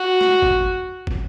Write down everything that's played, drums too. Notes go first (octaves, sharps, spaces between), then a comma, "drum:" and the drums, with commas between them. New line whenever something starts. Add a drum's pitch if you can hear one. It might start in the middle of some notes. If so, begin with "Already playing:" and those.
Already playing: F#4
drum: snare
drum: kick
drum: kick